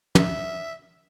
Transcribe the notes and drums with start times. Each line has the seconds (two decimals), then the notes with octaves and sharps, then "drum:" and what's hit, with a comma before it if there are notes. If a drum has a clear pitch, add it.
0.15 E5, drum: tom